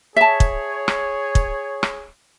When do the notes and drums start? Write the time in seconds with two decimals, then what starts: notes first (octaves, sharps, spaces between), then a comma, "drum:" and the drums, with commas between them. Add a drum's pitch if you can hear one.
0.16 G#4 C#5 E5 A5
0.40 drum: kick
0.88 drum: rim click
1.35 drum: kick
1.83 drum: rim click